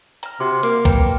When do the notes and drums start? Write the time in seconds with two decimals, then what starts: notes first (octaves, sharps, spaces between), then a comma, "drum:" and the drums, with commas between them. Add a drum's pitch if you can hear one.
0.23 A#5 F6, drum: hi-hat
0.40 C3 F#4 C6 D6
0.63 A#3, drum: hi-hat
0.85 B4 G5 A#5, drum: kick B1